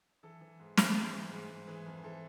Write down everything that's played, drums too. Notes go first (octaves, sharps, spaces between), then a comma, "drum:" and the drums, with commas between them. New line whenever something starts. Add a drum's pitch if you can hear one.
E3 A4
E3
G#2
E3, drum: snare
G#2
E3
G#2
G#2
E3 G#4 B4
F2
E3 A4 C5